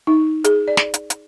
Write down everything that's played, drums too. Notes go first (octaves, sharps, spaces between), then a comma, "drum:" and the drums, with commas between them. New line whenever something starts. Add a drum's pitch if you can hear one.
D#4
G#4, drum: hi-hat
D5
drum: snare
drum: hi-hat
drum: hi-hat